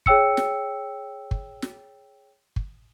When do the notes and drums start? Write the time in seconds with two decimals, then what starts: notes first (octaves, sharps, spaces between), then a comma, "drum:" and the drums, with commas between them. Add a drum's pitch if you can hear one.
0.06 G#4 C#5 G5 E6 C#7, drum: kick
0.37 drum: snare
1.31 drum: kick
1.62 drum: snare
2.56 drum: kick